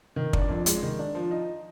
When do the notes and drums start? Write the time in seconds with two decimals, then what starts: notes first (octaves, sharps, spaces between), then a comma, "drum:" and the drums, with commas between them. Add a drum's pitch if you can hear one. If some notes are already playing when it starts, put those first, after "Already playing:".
0.16 D#3
0.33 D4, drum: kick
0.41 D5
0.49 F2
0.66 G#3, drum: hi-hat
0.83 D#3
0.99 D4
1.15 F3
1.31 D#4